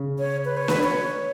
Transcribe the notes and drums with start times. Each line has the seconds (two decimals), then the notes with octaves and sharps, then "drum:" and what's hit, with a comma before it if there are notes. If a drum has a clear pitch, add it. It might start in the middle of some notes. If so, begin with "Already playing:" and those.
Already playing: C#3
0.19 C#5
0.45 B4
0.57 C#5
0.68 B4, drum: snare
0.84 C#5